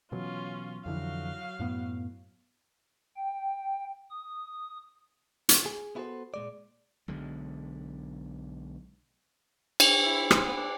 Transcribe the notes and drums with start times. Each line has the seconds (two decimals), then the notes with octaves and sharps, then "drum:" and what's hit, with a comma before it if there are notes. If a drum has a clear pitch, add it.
0.12 B2 E3 F#3 C#4 F4
0.86 F2 D3 E3 F#3 F5
1.60 F#2 A2 B3
3.17 G5
4.10 D#6
5.49 drum: hi-hat
5.66 G#4
5.95 B3 E4 F#4 G#4 A4 C5
6.34 A#2 G#3 D5
7.08 B1 D3 G#3
9.80 drum: cymbal
10.05 E4
10.31 C5, drum: rim click
10.45 B3
10.57 D4